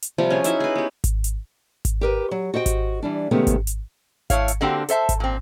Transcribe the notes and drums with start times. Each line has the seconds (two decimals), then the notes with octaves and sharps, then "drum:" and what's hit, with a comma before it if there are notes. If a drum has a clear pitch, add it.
0.02 drum: hi-hat
0.18 C3 F3 G3
0.30 C#4 G#4
0.44 D#4 E4 F#4 E5, drum: hi-hat
0.60 G#4 B4
0.76 B3 G4
1.04 drum: kick G#1, hi-hat
1.24 drum: hi-hat
1.85 drum: kick G#1, hi-hat
2.01 G4 A#4 B4
2.31 F#3
2.54 F#4 C5 D#5 G5
2.66 drum: kick G#1, hi-hat
3.02 E3 G3 D4
3.31 C3 D#3 G#3 A3 B3 C#4
3.47 drum: kick G#1, hi-hat
3.67 drum: hi-hat
4.30 A3 E4 C#5 F5, drum: kick G#1, hi-hat
4.48 drum: hi-hat
4.61 D3 A#3 C4 D4 F#4 G4
4.89 A4 C5 E5 A5, drum: hi-hat
5.09 drum: kick G#1, hi-hat
5.20 A#2 C4